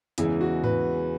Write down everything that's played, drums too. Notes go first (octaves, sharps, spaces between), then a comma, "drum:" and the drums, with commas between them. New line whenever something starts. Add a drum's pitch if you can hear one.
E2 C#3 E3 G#3 E4, drum: hi-hat
F#4
B4, drum: tom G#2